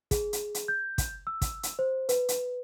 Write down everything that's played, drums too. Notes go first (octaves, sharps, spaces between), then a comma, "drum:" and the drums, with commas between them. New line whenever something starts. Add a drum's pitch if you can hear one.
G#4, drum: kick, hi-hat
drum: hi-hat
drum: hi-hat
G6
drum: kick, hi-hat
E6
drum: kick, hi-hat
drum: hi-hat
C5
B4, drum: hi-hat
drum: hi-hat